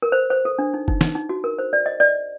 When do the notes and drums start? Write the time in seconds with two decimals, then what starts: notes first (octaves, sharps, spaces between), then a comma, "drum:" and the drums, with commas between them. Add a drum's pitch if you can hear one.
0.02 A#4
0.12 C5
0.30 C5
0.45 A4
0.59 D4
0.74 D#4
0.88 D#4, drum: kick F#1
1.01 D#4, drum: snare
1.15 D#4
1.29 F#4
1.44 A#4
1.59 C5
1.73 D5
1.86 D#5
2.00 D5